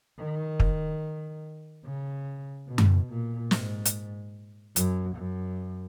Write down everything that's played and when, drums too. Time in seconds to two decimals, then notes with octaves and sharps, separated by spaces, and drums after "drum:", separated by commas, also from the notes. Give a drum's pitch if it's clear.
0.19 D#3
0.60 drum: kick
1.85 C#3
2.67 B2
2.78 drum: tom F#2
3.10 A#2
3.51 G#2, drum: snare
3.85 drum: hi-hat
4.76 F#2, drum: hi-hat
5.16 F#2